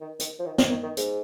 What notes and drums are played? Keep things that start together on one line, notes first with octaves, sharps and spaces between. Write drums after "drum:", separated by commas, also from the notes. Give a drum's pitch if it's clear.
D#3
D#3, drum: hi-hat
F3
D#3
D#3, drum: snare
D#3
D#3
G#2, drum: hi-hat